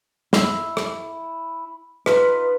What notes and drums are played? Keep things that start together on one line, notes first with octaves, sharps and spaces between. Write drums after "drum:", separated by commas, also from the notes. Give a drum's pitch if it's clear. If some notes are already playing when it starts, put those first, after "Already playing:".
E4, drum: snare
drum: rim click
D#4 F4 B4, drum: rim click